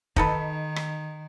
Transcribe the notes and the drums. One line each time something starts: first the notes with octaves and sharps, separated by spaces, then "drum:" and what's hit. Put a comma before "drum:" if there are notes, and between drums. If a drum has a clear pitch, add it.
D#3 D#4 A4 B4, drum: kick
drum: rim click